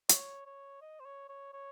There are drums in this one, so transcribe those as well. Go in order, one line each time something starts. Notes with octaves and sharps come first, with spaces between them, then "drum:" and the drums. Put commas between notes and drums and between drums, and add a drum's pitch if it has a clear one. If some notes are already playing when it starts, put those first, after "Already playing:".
C#5, drum: hi-hat
C#5
D#5
C5
C#5
C#5
C#5